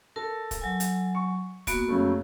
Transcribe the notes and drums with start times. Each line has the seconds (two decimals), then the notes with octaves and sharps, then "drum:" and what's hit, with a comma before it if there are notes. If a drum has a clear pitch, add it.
0.16 A4 A#4 A5
0.51 drum: kick, hi-hat
0.61 F#3 G#5
0.80 drum: hi-hat
1.15 C#6
1.67 A#3 B3 F#4, drum: kick, hi-hat
1.88 F#2 C#3 A3